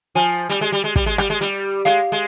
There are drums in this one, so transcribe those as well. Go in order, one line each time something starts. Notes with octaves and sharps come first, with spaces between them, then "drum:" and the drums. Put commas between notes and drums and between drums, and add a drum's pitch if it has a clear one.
F3 G#5
G3, drum: hi-hat
G#3
G3
G#3
G3, drum: kick
G#3
G3, drum: rim click
G#3
G3, drum: hi-hat
G#3 F5, drum: hi-hat
G#3